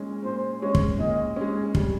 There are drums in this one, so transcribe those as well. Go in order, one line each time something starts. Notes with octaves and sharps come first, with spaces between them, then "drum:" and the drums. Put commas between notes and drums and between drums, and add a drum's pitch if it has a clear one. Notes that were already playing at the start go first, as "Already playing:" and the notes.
Already playing: A#2 G#3 C#4
A#2 C5
G#3 C#4 C#5
drum: kick
A#2 D#5
G#3 C#4
G3, drum: kick